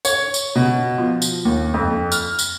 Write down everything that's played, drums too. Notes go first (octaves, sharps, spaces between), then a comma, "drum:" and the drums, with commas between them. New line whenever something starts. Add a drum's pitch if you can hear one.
C#5, drum: tambourine
drum: tambourine
B2
F3
drum: tambourine
D#2
F2
F6, drum: tambourine
drum: tambourine